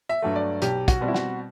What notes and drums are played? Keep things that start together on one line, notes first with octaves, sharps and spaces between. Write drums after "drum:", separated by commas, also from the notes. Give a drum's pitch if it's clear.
E5
G2 F#3 A3
D5
B1 G4, drum: hi-hat
F#4, drum: kick, hi-hat
B2 G3 C4
E4
F#4, drum: snare